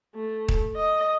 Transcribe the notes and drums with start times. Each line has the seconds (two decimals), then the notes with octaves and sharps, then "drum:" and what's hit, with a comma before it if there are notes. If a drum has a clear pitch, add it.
0.15 A3
0.48 drum: kick D#1
0.76 D#5